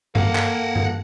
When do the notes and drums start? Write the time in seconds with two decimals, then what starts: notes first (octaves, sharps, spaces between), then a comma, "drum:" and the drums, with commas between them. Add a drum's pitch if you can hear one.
0.15 A#3 A4 F5 F#5, drum: tom G2
0.35 drum: clap
0.76 drum: tom G2